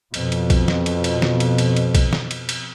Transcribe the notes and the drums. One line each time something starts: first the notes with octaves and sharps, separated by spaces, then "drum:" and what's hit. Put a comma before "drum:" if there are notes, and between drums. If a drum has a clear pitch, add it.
F2 B2, drum: cymbal
drum: cymbal
drum: kick B1, cymbal
drum: snare
drum: cymbal
drum: cymbal
drum: snare
drum: cymbal
drum: cymbal
drum: cymbal
drum: kick B1, cymbal
drum: snare
drum: cymbal
drum: cymbal